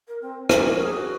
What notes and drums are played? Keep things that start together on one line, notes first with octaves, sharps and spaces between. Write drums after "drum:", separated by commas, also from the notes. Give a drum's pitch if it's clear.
A#4
C4
C#4, drum: rim click
A#4
A#4
G#4
F#4